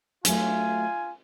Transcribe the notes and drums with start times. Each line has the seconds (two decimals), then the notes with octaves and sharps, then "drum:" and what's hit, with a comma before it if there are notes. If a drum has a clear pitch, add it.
0.25 F#3 A3 F4 G#5, drum: hi-hat